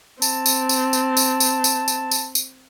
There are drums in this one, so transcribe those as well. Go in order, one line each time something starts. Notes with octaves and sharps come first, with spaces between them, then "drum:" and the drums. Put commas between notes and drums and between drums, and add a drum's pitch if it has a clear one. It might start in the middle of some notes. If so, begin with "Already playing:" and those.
C4 A5, drum: tambourine
drum: tambourine
drum: tambourine
drum: tambourine
drum: tambourine
drum: tambourine
drum: tambourine
drum: tambourine
drum: tambourine
drum: tambourine